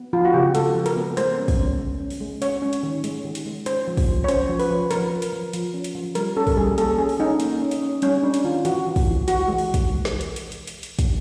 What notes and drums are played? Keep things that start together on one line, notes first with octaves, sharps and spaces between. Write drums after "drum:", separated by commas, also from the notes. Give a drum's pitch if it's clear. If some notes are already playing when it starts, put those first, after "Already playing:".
Already playing: B3
F3 F4
F#4
C#3 G4
G#3 A4, drum: hi-hat
F3
A#4, drum: hi-hat
B3
G#3 C5, drum: hi-hat
C#4
drum: kick, open hi-hat
C#4
G#3
C#4
drum: open hi-hat
G#3
C#4 C#5, drum: hi-hat
C#4
drum: hi-hat
D#3
G#3, drum: hi-hat
D#3
drum: hi-hat
G#3
C#4 C5, drum: hi-hat
F3
drum: kick, open hi-hat
G#3
C#5
C#4 C5, drum: hi-hat
F3
B4, drum: open hi-hat
F3
F3 A#4, drum: hi-hat
F3
drum: hi-hat
F3
F3, drum: hi-hat
C#4
drum: hi-hat
F3
G3 A#4, drum: hi-hat
C#4 A4
drum: kick, open hi-hat
G3 G#4
A#3 A4, drum: hi-hat
C#4 G#4
drum: open hi-hat
C#4 D#4
A#3, drum: hi-hat
C#4
drum: hi-hat
C#4
G3 C#4, drum: hi-hat
C#4 D4
drum: hi-hat
D#3 F4
E3 F#4, drum: hi-hat
E3
drum: kick, open hi-hat
E3
E3 F#4, drum: hi-hat
G#3
drum: open hi-hat
drum: kick, hi-hat
drum: snare
drum: hi-hat
drum: hi-hat
drum: hi-hat
drum: hi-hat
drum: hi-hat
drum: kick, hi-hat